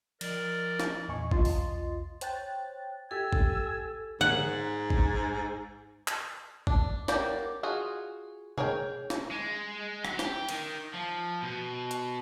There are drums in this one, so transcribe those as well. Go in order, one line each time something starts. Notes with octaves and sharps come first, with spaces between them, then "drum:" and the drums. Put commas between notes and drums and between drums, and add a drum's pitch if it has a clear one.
F3 A#4 D5 D#5, drum: cymbal
drum: snare
E2 A#2 D#5 G#5 C#6
B1 E2 F4 D#5 C6 A6, drum: kick G#1
drum: open hi-hat
C5 C#5 G5 F#6 A6, drum: hi-hat
G4 A4 G#5 E6
drum: kick G#1
G#2 F#5, drum: tom D3
drum: kick G#1
drum: clap
D4, drum: kick G#1
F#3 A#3 G4 D5, drum: snare
F4 F#4 G#4
G#4 A#4 C#5 G5, drum: tom B2
drum: snare
G#3
F#3, drum: rim click
G4, drum: snare
D#3, drum: cymbal
F3
B2
drum: hi-hat